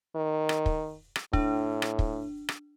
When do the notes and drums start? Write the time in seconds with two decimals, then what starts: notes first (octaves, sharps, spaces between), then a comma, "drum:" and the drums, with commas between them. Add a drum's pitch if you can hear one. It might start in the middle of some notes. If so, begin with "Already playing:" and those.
0.16 D#3
0.49 drum: rim click
0.66 drum: kick
1.16 drum: rim click
1.33 A2 D4, drum: kick
1.82 drum: rim click
1.99 drum: kick
2.49 drum: rim click